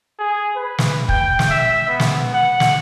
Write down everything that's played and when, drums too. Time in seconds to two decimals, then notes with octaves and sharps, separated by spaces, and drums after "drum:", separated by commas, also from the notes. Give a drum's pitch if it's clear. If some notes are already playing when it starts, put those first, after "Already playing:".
0.19 G#4
0.56 B4
0.79 drum: snare
1.09 G5, drum: kick
1.39 drum: snare
1.50 E5
1.88 B3
2.00 drum: snare
2.34 F#5
2.60 drum: snare